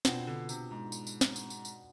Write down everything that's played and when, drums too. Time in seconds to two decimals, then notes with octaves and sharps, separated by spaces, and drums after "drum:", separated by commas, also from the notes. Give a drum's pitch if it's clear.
0.05 B2 B3 C4 D4 F4, drum: snare
0.27 D3
0.49 C3, drum: tambourine
0.71 G#2
0.92 drum: tambourine
1.07 drum: tambourine
1.21 drum: snare
1.36 drum: tambourine
1.50 drum: tambourine
1.65 drum: tambourine